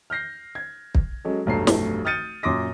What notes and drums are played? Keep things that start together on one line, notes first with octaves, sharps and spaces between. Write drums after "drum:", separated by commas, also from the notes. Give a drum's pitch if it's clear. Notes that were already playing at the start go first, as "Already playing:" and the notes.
F6 G6 A#6 C7
G#6
drum: kick
F#3 G#3 C#4 A4
F1 B1 G2 A3 A#5 C7
drum: snare
D#6 F6 G6 A6 C#7 D#7
F#2 A#2 C6 D6 D#6 A#6